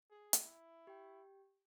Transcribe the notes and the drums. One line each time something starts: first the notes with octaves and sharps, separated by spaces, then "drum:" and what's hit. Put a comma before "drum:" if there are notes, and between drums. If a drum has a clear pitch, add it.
G#4
drum: hi-hat
E4
G4 G5